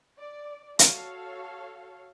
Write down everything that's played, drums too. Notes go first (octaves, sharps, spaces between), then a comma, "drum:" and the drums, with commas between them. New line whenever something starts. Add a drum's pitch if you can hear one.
D5
F#4 A4 C#5 F5, drum: hi-hat